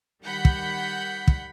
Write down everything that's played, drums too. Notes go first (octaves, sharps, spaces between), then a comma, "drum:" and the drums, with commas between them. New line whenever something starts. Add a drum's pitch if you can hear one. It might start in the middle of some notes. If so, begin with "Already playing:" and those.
D#3 G3 F#5 B5 G6
drum: kick
drum: kick